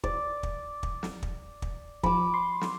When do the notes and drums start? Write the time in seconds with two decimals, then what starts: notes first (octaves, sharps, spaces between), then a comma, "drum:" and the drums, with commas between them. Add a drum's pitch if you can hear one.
0.04 D5, drum: kick
0.43 drum: kick
0.83 drum: kick
1.03 drum: snare
1.23 drum: kick
1.62 drum: kick
2.03 F3 B5 D6, drum: kick
2.34 C6
2.61 drum: snare